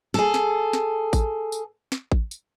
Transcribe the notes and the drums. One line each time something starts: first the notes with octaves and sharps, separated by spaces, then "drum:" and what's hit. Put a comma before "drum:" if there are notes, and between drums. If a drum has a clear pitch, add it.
G#4 A4, drum: snare
drum: snare
drum: snare
drum: kick A1, tambourine
drum: tambourine
drum: snare
drum: kick A1
drum: tambourine